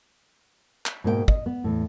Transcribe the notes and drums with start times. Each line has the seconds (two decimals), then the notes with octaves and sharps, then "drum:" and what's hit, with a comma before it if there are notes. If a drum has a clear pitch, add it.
0.86 drum: clap
1.04 G#2 B2 A#3 A#4 G5
1.28 D#5, drum: kick
1.46 B3
1.64 E2 A2